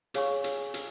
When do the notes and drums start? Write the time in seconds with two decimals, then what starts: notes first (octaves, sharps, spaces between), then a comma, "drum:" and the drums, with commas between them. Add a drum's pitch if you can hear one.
0.14 G#4 C#5 F5 G#5 C#6, drum: hi-hat
0.44 drum: hi-hat
0.74 drum: hi-hat